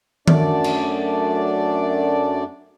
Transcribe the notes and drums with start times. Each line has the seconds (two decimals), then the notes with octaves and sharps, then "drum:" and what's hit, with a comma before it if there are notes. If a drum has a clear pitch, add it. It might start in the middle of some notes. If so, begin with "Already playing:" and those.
0.28 F#2 A3 D4 D5, drum: tom D#3
0.64 drum: cymbal